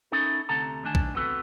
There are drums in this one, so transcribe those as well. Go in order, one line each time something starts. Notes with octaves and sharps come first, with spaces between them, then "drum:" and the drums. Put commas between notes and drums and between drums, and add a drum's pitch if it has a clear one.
C#4 D#4 E4 A4 A#4
D2 C3 A4 F#5 A5 A#5
D2 D#3 A3 D4 G#5 A5
drum: kick A#1
B3 C4 F#4 A4 B4